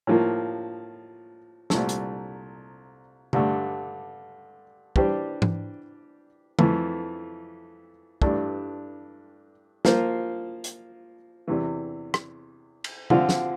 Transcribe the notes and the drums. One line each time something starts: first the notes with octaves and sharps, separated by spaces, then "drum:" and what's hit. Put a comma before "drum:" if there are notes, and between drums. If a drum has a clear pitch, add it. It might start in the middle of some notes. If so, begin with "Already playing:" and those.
A2 F3 A#3
C2 A#2 A3, drum: snare
drum: hi-hat
G2 D3 A3, drum: tom
E3 G3 D4 G4 C5, drum: kick
drum: tom
F2 E3 A3, drum: tom
G2 E3 A3 D4, drum: kick
F3 A#3 F4 C5, drum: snare
drum: hi-hat
E2 C3 E3
drum: rim click
drum: cymbal
D3 F3 C4 F4, drum: tom
drum: snare